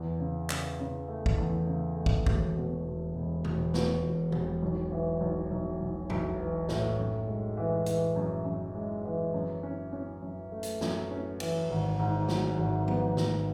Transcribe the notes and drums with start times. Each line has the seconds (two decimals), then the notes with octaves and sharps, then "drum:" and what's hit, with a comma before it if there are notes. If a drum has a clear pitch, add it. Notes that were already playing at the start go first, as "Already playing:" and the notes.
Already playing: E2
0.20 C#3
0.50 C#3, drum: clap
0.79 C#3
1.08 A3
1.26 drum: kick
1.38 E2
1.67 C#3
1.97 A3
2.06 drum: kick
2.26 E1, drum: kick
2.56 B2
2.85 E1
3.15 E1
3.45 E1, drum: tom A#2
3.74 B2, drum: snare
4.03 E1
4.32 E1, drum: tom E3
4.63 B1
4.92 E3
5.21 B1
5.51 B1
5.81 B1
6.10 B1, drum: tom F2
6.40 E3
6.69 A2, drum: snare
6.98 F#2
7.28 G#3
7.57 E3
7.86 E3, drum: hi-hat
8.16 F#2
8.45 F#2
8.75 G#3
9.05 E3
9.34 F#2
9.63 C#4
9.93 C#4
10.22 F#2
10.52 A3
10.63 drum: hi-hat
10.81 F#2, drum: snare
11.11 C#4
11.40 E3, drum: cymbal
11.70 G#1
11.99 G#2
12.28 F#3, drum: snare
12.59 G#1
12.88 B3, drum: tom F3
13.17 G#1, drum: snare